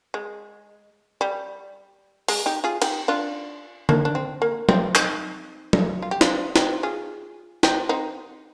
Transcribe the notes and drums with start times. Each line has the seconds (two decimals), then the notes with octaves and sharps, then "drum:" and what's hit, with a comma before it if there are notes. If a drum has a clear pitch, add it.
0.14 G#3
1.21 G3
2.28 G#3, drum: open hi-hat
2.46 D#4 G4
2.64 F4 G#4
2.82 D#4 G4, drum: cymbal
3.08 D4 F4
3.89 A#3 D4, drum: tom D3
4.05 D4
4.15 C4
4.42 A#3
4.69 C4, drum: tom F#3
4.95 C4 D#4, drum: clap
5.73 drum: tom F#3
6.02 F4
6.11 G4
6.21 D4 F4, drum: snare
6.56 D#4 G4, drum: snare
6.83 F4 G#4
7.63 D#4 G4, drum: snare
7.89 C4 D#4